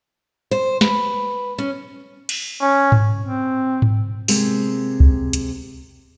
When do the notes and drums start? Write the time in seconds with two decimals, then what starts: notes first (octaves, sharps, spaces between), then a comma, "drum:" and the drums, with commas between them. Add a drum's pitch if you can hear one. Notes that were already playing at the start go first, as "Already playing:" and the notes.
0.51 C5
0.81 B4, drum: snare
1.58 C#4
2.29 drum: cymbal
2.61 C#4
2.92 drum: tom G#2
3.23 C4
3.82 drum: tom G#2
4.28 C3 G#3 A#3 C4, drum: open hi-hat
5.00 drum: kick
5.33 drum: hi-hat